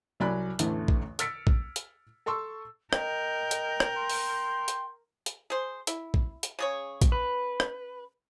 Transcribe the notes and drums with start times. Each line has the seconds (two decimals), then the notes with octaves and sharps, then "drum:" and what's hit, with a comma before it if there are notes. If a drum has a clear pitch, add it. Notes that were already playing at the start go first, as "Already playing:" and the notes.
0.20 C2 F#3 D5 G#5 B5 F#6
0.59 A1 E2 D3 E3 A3, drum: hi-hat
0.88 drum: kick
1.19 E6 F6 A6 B6 C#7 D7, drum: hi-hat
1.47 drum: kick
1.76 drum: hi-hat
2.26 A4 A5 C6 C#6 E6
2.93 A#4 D#5 G5 G6, drum: rim click
3.51 drum: hi-hat
3.80 drum: rim click
3.96 C6
4.10 drum: open hi-hat
4.68 drum: hi-hat
5.26 drum: hi-hat
5.50 G#4 C5
5.87 E4, drum: hi-hat
6.14 drum: kick
6.43 drum: hi-hat
6.59 C#3 G#4 C#5
7.01 drum: kick, hi-hat
7.12 B4
7.60 drum: rim click